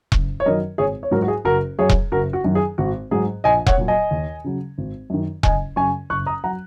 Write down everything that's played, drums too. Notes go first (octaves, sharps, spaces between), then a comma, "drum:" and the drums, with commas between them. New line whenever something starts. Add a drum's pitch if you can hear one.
F#1, drum: kick E1
C#5
F#2 D#3 F#3 A#4 D#5
G#1 G#4 C#5
C#5
G#2 F#3 F#4 A#4
F#4
G#4
F#1 F#4 A#4
F#2 F#3 G#4 C#5
drum: kick E1
F#1 F#4 A#4
F#4
F#2 D#3 F#3
G#4
G#1 F#4
G#2 F#3 G#4
A#1 D#5 G#5
C#5 F#5, drum: kick E1
A#2 F#3
D#5 G#5
D#2
C#3 F#3
G#1
F#2 D#3
F#1 D#5 G#5, drum: kick E1
F#2 C#3 G#5 C#6
F#1 C#6 F#6
A#5 D#6
F#3 F#5 A#5